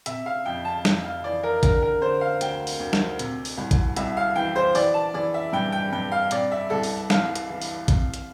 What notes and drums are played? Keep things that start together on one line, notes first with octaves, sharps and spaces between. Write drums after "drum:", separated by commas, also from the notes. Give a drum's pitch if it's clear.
C3 E5, drum: hi-hat
F5
F2 G5
A5
F2, drum: snare
F5
E3 D5
A#4
D3 A#4, drum: kick A1, hi-hat
A#4
D3 C5
F5
D2 G5, drum: hi-hat
drum: open hi-hat
D2
drum: snare
C3, drum: hi-hat
drum: open hi-hat
C2
drum: kick A1, hi-hat
C2 E5, drum: hi-hat
F5
E3 G5
C5
E3 D5, drum: open hi-hat
A5
E3 D5
E5
G2 G5
G5
G2 G5
F5
C3 D5, drum: hi-hat
E5
C2 A4
drum: open hi-hat
C2 F5, drum: snare
drum: hi-hat
E3
drum: open hi-hat
C3, drum: kick A1, hi-hat
drum: hi-hat